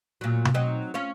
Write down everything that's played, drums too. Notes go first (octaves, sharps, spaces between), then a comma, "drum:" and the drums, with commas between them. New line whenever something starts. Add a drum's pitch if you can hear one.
A#2 F#3
drum: tom B2
F#3 C4 D#4
C#4 F4 C#5